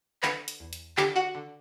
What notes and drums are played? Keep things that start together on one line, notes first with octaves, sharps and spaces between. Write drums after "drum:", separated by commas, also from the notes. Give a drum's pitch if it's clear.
D3 B4 B5, drum: clap
drum: hi-hat
E2
drum: hi-hat
D3 G4 G5, drum: clap
F#4 F#5
D3